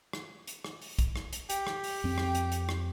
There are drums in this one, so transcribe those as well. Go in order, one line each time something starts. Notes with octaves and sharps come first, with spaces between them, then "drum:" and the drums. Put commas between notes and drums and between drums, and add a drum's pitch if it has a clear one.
drum: rim click
drum: hi-hat
drum: rim click
drum: open hi-hat
drum: kick, hi-hat
drum: rim click
drum: hi-hat
G4, drum: hi-hat
drum: rim click
drum: open hi-hat
F2 C4
drum: rim click
drum: hi-hat
drum: hi-hat
drum: rim click